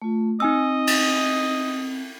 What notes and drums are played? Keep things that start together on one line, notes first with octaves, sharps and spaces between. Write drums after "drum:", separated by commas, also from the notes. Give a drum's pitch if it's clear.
A3 F4
C4 D#4 D#5 G#5 E6
drum: cymbal